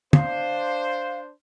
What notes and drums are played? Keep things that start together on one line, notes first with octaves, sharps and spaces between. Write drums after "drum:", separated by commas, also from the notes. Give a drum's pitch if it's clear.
D4 C5 F5, drum: tom